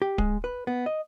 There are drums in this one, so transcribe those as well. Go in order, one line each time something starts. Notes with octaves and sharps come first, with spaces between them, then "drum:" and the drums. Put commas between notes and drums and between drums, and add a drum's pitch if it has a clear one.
G4
G#3, drum: kick D1
B4
B3
D#5